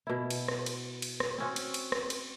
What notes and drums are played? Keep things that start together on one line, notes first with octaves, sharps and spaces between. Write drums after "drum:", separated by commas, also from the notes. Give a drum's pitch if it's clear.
B2 E4
drum: cymbal
drum: rim click
drum: cymbal
drum: cymbal
drum: rim click
C4 C#4 F#4
drum: cymbal
drum: cymbal
drum: rim click
drum: cymbal